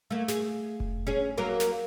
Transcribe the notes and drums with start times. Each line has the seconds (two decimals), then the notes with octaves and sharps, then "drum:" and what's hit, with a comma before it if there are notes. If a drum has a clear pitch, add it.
0.10 A3 A#3
0.28 G#4, drum: snare
0.80 drum: kick F1
1.07 C#4 G#4
1.38 F#3 A#3 A#4
1.60 drum: snare